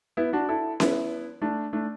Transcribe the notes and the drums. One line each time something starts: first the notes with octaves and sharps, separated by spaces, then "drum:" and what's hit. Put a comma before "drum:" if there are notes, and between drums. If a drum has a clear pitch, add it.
B3 E4
D4 F#4
E4 A4
B3 E4, drum: snare C#4
A3 D4
A3 D4